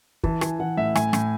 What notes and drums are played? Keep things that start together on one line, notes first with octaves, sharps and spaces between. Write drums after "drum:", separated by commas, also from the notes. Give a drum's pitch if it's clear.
E3 A5, drum: kick
E3 G#5, drum: rim click
E3 F#5
A2 E5
A2 G#5, drum: rim click
A2, drum: rim click